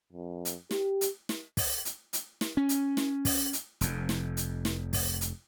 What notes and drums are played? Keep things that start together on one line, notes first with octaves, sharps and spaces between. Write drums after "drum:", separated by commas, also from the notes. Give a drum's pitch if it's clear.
F2
drum: hi-hat
G4, drum: snare
drum: hi-hat
drum: snare
drum: kick, open hi-hat
drum: hi-hat
drum: hi-hat
drum: snare
C#4
drum: hi-hat
drum: snare
drum: kick, open hi-hat
drum: hi-hat
F1 F2, drum: hi-hat
drum: snare
drum: hi-hat
drum: snare
drum: kick, open hi-hat
drum: hi-hat